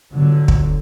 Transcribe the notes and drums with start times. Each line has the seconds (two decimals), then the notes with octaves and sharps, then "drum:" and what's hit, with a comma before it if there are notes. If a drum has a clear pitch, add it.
0.12 G1 D3 F#3
0.48 drum: kick